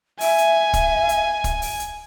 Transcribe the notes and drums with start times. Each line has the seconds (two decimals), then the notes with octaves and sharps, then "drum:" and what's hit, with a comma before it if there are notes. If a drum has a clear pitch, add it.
0.20 E5 G#5, drum: open hi-hat
0.38 drum: hi-hat
0.73 drum: kick, hi-hat
1.09 drum: hi-hat
1.44 drum: kick, hi-hat
1.62 drum: open hi-hat
1.79 drum: hi-hat